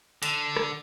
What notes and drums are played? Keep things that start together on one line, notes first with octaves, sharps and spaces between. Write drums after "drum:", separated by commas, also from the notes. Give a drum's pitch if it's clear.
D3, drum: hi-hat
drum: rim click